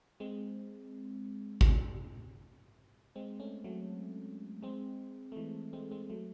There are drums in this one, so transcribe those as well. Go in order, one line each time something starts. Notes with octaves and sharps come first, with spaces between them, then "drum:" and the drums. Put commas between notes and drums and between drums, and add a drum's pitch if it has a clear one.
G#3 C4
drum: kick
G#3 C4
A3 C#4
F#3 A3
G#3 C4
A3
E3 G#3
G#3 C4
G#3 C4
F#3 A3